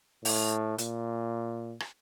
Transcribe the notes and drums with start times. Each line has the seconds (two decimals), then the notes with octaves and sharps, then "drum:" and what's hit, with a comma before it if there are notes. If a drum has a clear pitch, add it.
0.25 A2, drum: open hi-hat
0.78 A#2, drum: hi-hat
1.80 drum: rim click